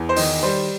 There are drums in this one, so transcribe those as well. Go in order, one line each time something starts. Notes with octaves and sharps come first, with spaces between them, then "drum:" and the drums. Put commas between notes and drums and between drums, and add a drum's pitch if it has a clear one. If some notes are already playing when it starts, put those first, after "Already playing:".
Already playing: E2
C5
D#3 D#5, drum: open hi-hat
G3 C5